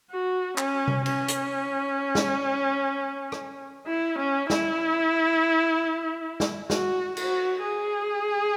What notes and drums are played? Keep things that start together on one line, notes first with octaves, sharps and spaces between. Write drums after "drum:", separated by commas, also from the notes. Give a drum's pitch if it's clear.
F#4
C#4, drum: clap
drum: tom C3
C#4, drum: cymbal
drum: hi-hat
drum: snare
drum: rim click
E4
C#4
E4, drum: snare
drum: snare
F#4, drum: snare
F#4, drum: cymbal
G#4